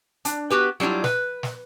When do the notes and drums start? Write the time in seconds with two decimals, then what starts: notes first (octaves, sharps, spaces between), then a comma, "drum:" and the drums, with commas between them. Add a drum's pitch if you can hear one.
0.25 D4, drum: hi-hat
0.50 B3 F#4 G4 B4
0.80 F#3 G3 D4 E4 F4
1.04 B4, drum: snare
1.43 drum: snare